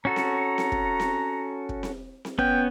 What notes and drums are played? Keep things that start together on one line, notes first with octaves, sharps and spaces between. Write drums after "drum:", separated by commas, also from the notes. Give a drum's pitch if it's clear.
C#4 F#4 A4 A#5
drum: snare C4
drum: snare C4
drum: kick
drum: snare C4
drum: kick
drum: snare C4
drum: snare C4
B3 C#4 G5, drum: kick